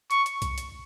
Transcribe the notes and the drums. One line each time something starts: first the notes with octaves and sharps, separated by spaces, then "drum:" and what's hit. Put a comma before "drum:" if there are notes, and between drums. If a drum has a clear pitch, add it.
C#6, drum: hi-hat
drum: hi-hat
drum: kick C2, hi-hat
drum: hi-hat